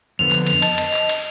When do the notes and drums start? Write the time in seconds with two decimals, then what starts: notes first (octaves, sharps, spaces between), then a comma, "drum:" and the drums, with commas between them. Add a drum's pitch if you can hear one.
0.19 F2 D3 B3 F7
0.31 drum: clap
0.47 drum: cymbal
0.62 D#5 A5, drum: cymbal
0.78 drum: cymbal
0.94 drum: clap
1.09 drum: cymbal